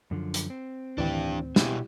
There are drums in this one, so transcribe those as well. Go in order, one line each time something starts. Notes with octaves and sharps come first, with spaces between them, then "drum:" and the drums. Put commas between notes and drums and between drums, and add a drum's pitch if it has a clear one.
F#2 D3 F3
drum: hi-hat
C4
D2 A2 D#3 E3 D4 G4
B2 E4 G4 G#4, drum: snare